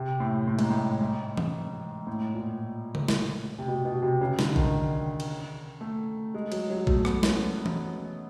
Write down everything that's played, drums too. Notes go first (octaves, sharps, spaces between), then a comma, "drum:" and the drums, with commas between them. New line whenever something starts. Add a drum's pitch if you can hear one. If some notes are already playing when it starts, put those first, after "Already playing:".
Already playing: C3
A2
A2
G#2, drum: cymbal
A2
G#2
drum: tom E3
A2
A#2
drum: tom C#3
drum: snare
C3
B2
B2
C3
C#3
D3, drum: snare
D#3, drum: kick
drum: cymbal
A3
G#3
F#3, drum: cymbal
F#3
A3, drum: kick
B3, drum: rim click
C#4, drum: snare
drum: tom E3